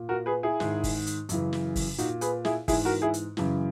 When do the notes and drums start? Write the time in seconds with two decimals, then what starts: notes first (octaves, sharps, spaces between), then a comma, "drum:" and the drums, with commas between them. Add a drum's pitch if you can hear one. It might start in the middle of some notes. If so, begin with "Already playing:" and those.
Already playing: A#2
0.09 F#4 A#4
0.26 G#4 B4
0.43 E4 G#4
0.60 G#2 D#3, drum: snare
0.84 drum: kick, open hi-hat
1.07 drum: hi-hat
1.29 F#2 C#3 E3, drum: hi-hat
1.53 drum: snare
1.76 drum: kick, open hi-hat
1.98 A#2 D#4 F#4, drum: hi-hat
2.21 G#4 B4, drum: hi-hat
2.45 E4 G#4, drum: snare
2.68 G#2 E3 E4 G#4, drum: kick, open hi-hat
2.85 F#4 A#4
3.02 E4 G#4
3.14 drum: hi-hat
3.37 F#2 C#3 E3, drum: snare